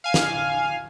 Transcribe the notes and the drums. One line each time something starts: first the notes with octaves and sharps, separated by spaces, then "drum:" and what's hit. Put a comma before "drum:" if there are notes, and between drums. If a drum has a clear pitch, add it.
F5 G#5
drum: snare